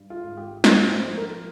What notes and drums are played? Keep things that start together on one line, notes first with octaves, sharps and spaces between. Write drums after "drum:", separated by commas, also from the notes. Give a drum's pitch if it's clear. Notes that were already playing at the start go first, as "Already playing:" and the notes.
Already playing: G2
F4
G#1
G4
A#1 A#4, drum: snare
C5
F3
A#4